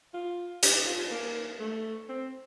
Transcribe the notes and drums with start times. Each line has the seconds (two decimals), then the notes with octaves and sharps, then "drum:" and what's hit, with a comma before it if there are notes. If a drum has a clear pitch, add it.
0.14 F4
0.63 G4, drum: hi-hat
0.87 F4
1.11 A#3
1.60 A3
2.09 C4